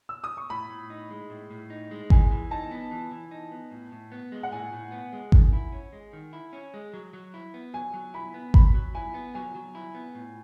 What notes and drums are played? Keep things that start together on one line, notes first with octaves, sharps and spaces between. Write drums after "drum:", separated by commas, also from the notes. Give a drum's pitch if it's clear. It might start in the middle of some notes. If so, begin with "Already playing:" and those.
E6
D#6
C#6
A2 B5
A2
D#4
G#3
A2
A2
D#4
G#3
E3 G#5, drum: kick G#1
E3
D#4 A5
B3
E3
E3
D#4
B3
A2
A2
B3
G#3
F#5
A2 G#5
A2
B3
G#3
D#3, drum: kick G#1
E4
C#4
G#3
D#3
E4
C#4
G#3
F#3
F#3
E4
B3
F#3 G#5
F#3
E4 B5
B3
F#3 B5, drum: kick G#1
F#3
E4 G#5
B3
F#3 G#5
F#3
E4
B3
A2